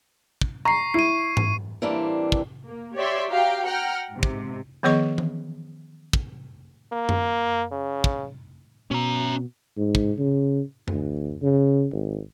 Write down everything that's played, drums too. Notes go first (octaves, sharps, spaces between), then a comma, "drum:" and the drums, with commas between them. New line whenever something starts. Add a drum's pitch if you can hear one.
drum: kick
A#5 C#6 C7
E4 C7 D#7
drum: tom G#2
E3 G3 A#3 C4 D4
drum: kick
A#3
G4 C#5 D5 E5 C6
F#4 G4 F5 G5 A#5
F#5 G5 A#5 F6
G#2 C3
drum: kick
D#3 F3 B3 G#4 D#5 C#6
drum: tom E3
drum: kick
A#3
drum: tom F#2
C#3
drum: kick
B2 C#4 A#5
G#2
drum: kick
C#3
D2, drum: tom F#2
C#3
G#1